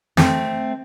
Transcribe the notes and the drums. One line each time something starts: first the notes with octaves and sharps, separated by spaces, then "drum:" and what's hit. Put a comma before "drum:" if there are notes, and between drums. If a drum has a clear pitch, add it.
A3 C4, drum: snare